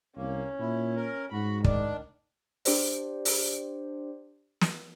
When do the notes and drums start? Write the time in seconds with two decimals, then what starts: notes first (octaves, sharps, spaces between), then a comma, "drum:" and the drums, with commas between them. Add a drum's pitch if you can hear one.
0.17 C2 A#3 C#4
0.60 A#2 E4
0.96 A#4
1.32 G#2 F#4 B5
1.64 D#3 D4, drum: kick
2.65 D4 G4 C5 D5, drum: open hi-hat
3.25 drum: open hi-hat
4.61 drum: snare